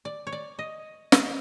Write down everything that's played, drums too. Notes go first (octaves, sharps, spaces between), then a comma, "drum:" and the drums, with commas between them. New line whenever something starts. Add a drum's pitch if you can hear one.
D5
C#5
D5
D#5
D#5, drum: snare